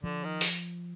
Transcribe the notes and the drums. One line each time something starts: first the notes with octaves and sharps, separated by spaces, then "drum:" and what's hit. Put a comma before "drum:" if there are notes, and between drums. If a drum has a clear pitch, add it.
D3 F3
D#3
drum: open hi-hat